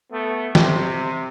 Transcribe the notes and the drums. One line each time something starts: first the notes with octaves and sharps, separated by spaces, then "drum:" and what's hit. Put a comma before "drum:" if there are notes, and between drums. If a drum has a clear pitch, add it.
A3 B3
C3, drum: snare